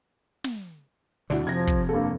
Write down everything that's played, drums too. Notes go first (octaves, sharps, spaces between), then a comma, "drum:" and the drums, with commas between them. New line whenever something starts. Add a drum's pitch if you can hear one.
drum: snare
D2 B2 D3 D4 E4 F#4
F2 C3 F3 G#6 A#6
drum: kick
G2 A#3 A4